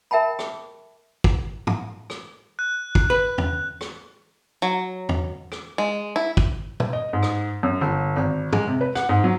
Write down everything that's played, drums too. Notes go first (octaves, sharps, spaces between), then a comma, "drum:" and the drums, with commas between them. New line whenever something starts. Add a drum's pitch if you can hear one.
A#4 E5 G5 A5 B5
drum: rim click
drum: kick
drum: tom
drum: rim click
F#6
drum: kick
B4
drum: tom E2
drum: rim click
F#3
drum: tom E2
drum: rim click
G#3
E4
drum: kick
drum: tom A#2
D#5
G#2
drum: rim click
F#2
G1
G#1
G#3, drum: tom
C3
B4
F#5, drum: rim click
G#2
F#3